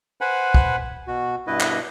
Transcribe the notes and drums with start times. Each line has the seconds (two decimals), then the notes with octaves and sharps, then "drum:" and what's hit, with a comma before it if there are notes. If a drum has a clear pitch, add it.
0.21 B4 C5 F#5 G#5 B5
0.54 drum: kick
1.07 B2 F#4
1.47 G2 B2 E4 B4 D#5
1.60 drum: clap